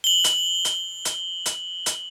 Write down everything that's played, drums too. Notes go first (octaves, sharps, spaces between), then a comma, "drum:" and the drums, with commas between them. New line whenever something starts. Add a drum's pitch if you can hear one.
F#7 G7
drum: hi-hat
drum: hi-hat
drum: hi-hat
drum: hi-hat
drum: hi-hat